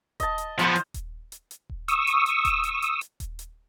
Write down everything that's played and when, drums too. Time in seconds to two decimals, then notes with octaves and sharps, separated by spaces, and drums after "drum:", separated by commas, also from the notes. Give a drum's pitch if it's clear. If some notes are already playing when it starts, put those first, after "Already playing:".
0.20 D#5 A5, drum: kick D#1, hi-hat
0.38 drum: hi-hat
0.59 F3 B3 F4 C5, drum: hi-hat
0.75 drum: hi-hat
0.94 drum: kick D#1, hi-hat
1.32 drum: hi-hat
1.51 drum: hi-hat
1.70 drum: kick D#1
1.88 C#6 D#6 E6, drum: hi-hat
2.07 drum: hi-hat
2.26 drum: hi-hat
2.45 drum: kick D#1, hi-hat
2.64 drum: hi-hat
2.82 drum: hi-hat
3.01 drum: hi-hat
3.20 drum: kick D#1, hi-hat
3.39 drum: hi-hat